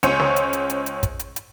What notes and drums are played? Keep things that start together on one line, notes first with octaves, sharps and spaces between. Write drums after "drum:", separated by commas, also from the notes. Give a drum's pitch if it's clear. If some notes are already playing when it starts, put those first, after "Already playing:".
C#2 C#4 C5 C#5 C#7, drum: hi-hat
drum: snare
drum: hi-hat
drum: hi-hat
drum: hi-hat
drum: hi-hat
drum: kick, hi-hat
drum: hi-hat
drum: hi-hat